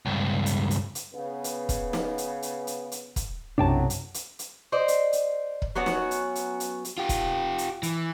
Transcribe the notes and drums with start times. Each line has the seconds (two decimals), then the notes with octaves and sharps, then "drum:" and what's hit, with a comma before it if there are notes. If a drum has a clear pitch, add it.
0.06 C#2 G2
0.46 drum: hi-hat
0.71 drum: hi-hat
0.95 drum: hi-hat
1.15 C#3 B3
1.44 drum: hi-hat
1.69 drum: kick, hi-hat
1.93 drum: snare
2.18 drum: hi-hat
2.42 drum: hi-hat
2.67 drum: hi-hat
2.92 drum: hi-hat
3.16 drum: kick, hi-hat
3.58 B1 F#2 A2 C3 F#3 D4 G5 A5
3.90 drum: hi-hat
4.14 drum: hi-hat
4.39 drum: hi-hat
4.72 C5 D5 D#5
4.88 drum: hi-hat
5.13 drum: hi-hat
5.62 drum: kick
5.76 F#3 B3 C#4 F#4
5.86 drum: snare
6.11 drum: hi-hat
6.35 drum: hi-hat
6.60 drum: hi-hat
6.85 drum: hi-hat
6.98 F4 G4
7.09 drum: kick, hi-hat
7.58 drum: hi-hat
7.83 E3, drum: hi-hat